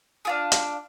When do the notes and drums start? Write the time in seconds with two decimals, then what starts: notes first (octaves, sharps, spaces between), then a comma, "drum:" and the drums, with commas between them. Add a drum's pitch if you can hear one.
0.25 D4 F4 G#4
0.52 drum: hi-hat